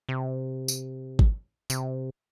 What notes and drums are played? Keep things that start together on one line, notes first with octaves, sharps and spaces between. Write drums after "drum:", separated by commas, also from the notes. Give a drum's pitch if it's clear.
C3
drum: tambourine
drum: kick G#1
C3, drum: tambourine